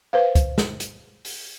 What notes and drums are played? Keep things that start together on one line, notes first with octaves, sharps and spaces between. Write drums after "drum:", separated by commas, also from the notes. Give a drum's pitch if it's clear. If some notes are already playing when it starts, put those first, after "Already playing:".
B4 C5 F5
drum: kick, hi-hat
drum: snare
drum: hi-hat
drum: open hi-hat